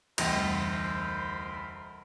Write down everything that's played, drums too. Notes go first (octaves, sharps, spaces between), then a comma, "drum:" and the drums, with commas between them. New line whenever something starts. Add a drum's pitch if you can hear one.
F1 D2 E3 G3 A#4 C5 B5, drum: cymbal